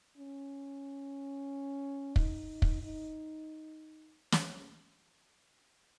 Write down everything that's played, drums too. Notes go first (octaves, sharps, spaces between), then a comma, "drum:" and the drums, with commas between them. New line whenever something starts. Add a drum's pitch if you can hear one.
C#4
D#4, drum: kick
drum: kick
D#4
drum: snare